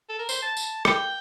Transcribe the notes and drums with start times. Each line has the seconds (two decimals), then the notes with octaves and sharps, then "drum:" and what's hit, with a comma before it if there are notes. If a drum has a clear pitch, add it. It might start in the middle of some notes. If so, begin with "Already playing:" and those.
0.09 A4
0.19 A#4
0.29 C5, drum: tambourine
0.43 A5
0.57 drum: tambourine
0.85 G5, drum: rim click